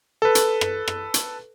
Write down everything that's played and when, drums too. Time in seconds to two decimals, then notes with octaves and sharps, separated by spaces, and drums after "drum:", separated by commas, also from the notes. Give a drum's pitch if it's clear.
0.22 A4 B4
0.35 drum: hi-hat
0.61 drum: rim click
0.88 drum: rim click
1.14 drum: hi-hat